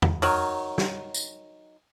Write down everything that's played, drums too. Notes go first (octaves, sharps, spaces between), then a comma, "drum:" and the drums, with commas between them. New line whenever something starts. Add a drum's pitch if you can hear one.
drum: tom E2
D#3 F#3, drum: open hi-hat
drum: snare
drum: tambourine